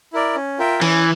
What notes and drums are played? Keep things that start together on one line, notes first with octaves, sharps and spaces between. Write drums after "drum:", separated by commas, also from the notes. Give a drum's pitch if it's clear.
E4 A#4 D5
C#4
F4 A#4 E5 G5
E3 C#4, drum: cymbal